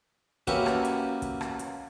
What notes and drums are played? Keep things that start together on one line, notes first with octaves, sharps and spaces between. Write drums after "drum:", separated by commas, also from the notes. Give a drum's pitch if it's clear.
A#3 C#4 F#4 G4 B4 E5, drum: kick, hi-hat
drum: rim click
drum: hi-hat
drum: kick, hi-hat
drum: rim click
drum: hi-hat